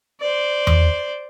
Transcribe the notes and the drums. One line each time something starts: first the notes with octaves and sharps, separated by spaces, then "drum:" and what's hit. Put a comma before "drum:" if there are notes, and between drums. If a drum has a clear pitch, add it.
C5 D5
drum: tom E2